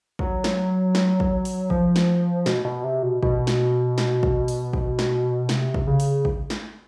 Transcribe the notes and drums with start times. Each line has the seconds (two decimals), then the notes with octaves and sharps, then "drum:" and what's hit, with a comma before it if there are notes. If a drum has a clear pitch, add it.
0.19 F#3, drum: kick
0.44 drum: snare
0.95 drum: snare
1.20 drum: kick
1.45 drum: open hi-hat
1.70 F3, drum: kick
1.96 drum: snare
2.46 B2, drum: snare
2.65 B2
2.84 C3
3.03 B2
3.23 B2, drum: kick
3.47 drum: snare
3.98 drum: snare
4.23 drum: kick
4.48 drum: open hi-hat
4.73 drum: kick
4.99 drum: snare
5.49 C3, drum: snare
5.74 drum: kick
5.87 C#3
6.00 drum: open hi-hat
6.25 drum: kick
6.50 drum: snare